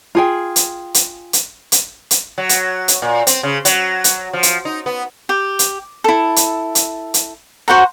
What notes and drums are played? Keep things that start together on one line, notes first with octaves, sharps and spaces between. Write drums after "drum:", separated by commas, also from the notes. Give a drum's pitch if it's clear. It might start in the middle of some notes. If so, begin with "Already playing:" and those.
F4 G#4 G5
drum: hi-hat
drum: hi-hat
drum: hi-hat
drum: hi-hat
drum: hi-hat
F#3
drum: hi-hat
drum: hi-hat
A#2
C4, drum: hi-hat
C#3
F#3, drum: hi-hat
drum: hi-hat
F3
drum: hi-hat
D#4
B3
G4
drum: hi-hat
E4 A4
drum: hi-hat
drum: hi-hat
drum: hi-hat
F#4 C5 F#5 A#5